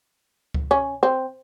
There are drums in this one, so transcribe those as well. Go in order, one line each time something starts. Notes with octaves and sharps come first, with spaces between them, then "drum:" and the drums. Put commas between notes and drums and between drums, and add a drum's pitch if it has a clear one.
drum: kick C#2
C#4
C4